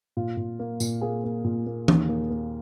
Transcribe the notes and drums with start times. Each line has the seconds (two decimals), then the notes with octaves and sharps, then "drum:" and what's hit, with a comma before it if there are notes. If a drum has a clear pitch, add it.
0.17 A#2 F4
0.37 A#2
0.59 A#3
0.80 A#2, drum: tambourine
1.01 A#3 G#4
1.24 A#3
1.44 A#2
1.66 A#3
1.88 D#2, drum: tom E3
2.09 A#3
2.30 A#3